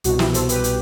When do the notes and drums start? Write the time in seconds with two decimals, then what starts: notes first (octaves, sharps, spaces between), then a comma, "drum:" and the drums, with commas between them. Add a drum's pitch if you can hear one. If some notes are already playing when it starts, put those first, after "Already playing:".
0.04 C2 B2 F#4, drum: hi-hat
0.19 E4 G4, drum: snare
0.34 A4 C5, drum: hi-hat
0.49 G4 B4, drum: hi-hat
0.64 drum: hi-hat